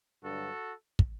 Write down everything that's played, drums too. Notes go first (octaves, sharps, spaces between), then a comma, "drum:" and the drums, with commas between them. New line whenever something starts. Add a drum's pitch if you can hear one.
G2 D3 F#3 F#4 A4
drum: kick